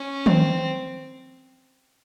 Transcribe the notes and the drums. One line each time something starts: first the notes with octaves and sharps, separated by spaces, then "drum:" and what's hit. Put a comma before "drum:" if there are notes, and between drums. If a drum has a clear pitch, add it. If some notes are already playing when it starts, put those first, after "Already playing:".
Already playing: C#4
C4, drum: tom D#3